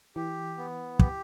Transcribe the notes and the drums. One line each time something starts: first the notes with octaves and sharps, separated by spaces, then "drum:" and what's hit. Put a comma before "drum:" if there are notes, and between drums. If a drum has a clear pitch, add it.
E3 G4
B3
G4, drum: kick